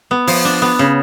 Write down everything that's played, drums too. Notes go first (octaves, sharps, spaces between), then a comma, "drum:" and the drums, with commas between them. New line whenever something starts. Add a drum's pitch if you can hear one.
B3
F3, drum: open hi-hat
D4
B3
C#3